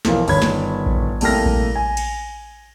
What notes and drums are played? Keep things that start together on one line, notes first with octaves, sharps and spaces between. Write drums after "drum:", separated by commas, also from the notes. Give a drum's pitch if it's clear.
B1 E3 F3 A#4 F5, drum: snare
G1 D#3 C#5 B5 G#6, drum: open hi-hat
drum: snare
drum: kick A#1
C2 A3 A#3 G5 F6 A#6, drum: cymbal
drum: kick A#1
G#5
drum: cymbal